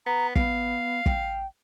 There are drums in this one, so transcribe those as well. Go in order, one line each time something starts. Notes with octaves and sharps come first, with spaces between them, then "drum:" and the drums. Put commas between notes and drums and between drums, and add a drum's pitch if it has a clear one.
B3 A#5
B3 F5, drum: kick
G5, drum: kick